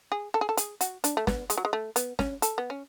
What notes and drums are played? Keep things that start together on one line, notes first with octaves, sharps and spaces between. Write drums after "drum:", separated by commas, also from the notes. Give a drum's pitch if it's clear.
G#4
A4
G#4
A4
G#4, drum: hi-hat
F#4, drum: hi-hat
D4, drum: hi-hat
A3
B3, drum: snare
G#3, drum: hi-hat
F#3
G#3
A3
B3, drum: hi-hat
C#4, drum: snare
A4, drum: hi-hat
B3
C#4